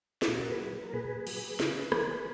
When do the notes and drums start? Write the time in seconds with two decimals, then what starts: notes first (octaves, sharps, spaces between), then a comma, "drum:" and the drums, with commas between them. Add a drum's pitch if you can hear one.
0.22 B4, drum: snare
0.28 A#2 F#4 A#4
0.51 G#4 B4
0.61 F#3
0.83 A#4
0.93 A#2 G#4 B4
1.27 F#3, drum: cymbal
1.60 C#3, drum: snare
1.92 E3, drum: rim click